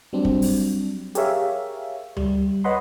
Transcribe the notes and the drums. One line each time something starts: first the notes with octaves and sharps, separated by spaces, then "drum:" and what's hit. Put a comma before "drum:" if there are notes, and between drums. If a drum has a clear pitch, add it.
F#3 G3 C4 D4
drum: kick
drum: open hi-hat
G4 G#4 A#4 C#5 E5 F5, drum: hi-hat
G3, drum: tom D2
B4 C#5 D#5 F#5 B5 C6